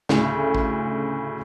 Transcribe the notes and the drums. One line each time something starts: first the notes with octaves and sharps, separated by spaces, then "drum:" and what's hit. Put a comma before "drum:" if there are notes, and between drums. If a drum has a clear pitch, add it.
D2 A2 C#3, drum: snare
drum: kick A1